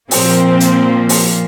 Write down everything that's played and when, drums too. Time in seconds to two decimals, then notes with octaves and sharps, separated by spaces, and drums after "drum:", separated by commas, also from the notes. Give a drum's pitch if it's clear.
0.11 A#2 F3 A#3 C4, drum: open hi-hat
0.60 drum: hi-hat
1.09 drum: open hi-hat